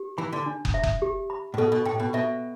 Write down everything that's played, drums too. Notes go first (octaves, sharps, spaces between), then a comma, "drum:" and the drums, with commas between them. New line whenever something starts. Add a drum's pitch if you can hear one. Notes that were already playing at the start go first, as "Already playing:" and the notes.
Already playing: G4
E3 B5
D3
D4
drum: kick
E5
drum: kick
G4
B5
A2
B2 A4
B2
A2 G5
B2
B2 E5